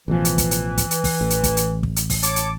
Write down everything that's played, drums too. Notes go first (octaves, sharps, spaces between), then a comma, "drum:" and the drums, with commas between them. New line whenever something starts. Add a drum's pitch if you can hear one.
A1 B2 E3 F3
drum: hi-hat
drum: kick, hi-hat
drum: hi-hat
drum: kick, hi-hat
drum: hi-hat
drum: kick, open hi-hat
A1
drum: hi-hat
drum: kick, hi-hat
drum: hi-hat
drum: kick
drum: hi-hat
drum: kick, open hi-hat
C#5 A5 D6, drum: hi-hat
drum: hi-hat